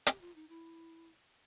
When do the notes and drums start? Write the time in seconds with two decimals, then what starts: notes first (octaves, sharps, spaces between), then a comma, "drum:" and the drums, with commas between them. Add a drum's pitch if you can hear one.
0.07 G4, drum: hi-hat
0.21 F4
0.35 D#4
0.49 E4